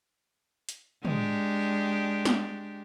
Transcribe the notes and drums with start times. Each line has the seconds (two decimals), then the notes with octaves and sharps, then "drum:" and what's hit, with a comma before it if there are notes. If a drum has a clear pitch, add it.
0.69 drum: hi-hat
1.05 G#3 D4 G4, drum: tom
2.25 drum: snare